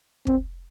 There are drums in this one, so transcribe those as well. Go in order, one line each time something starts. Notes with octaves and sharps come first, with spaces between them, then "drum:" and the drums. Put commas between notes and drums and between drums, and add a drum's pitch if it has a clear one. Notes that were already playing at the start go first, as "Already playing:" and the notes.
C4, drum: kick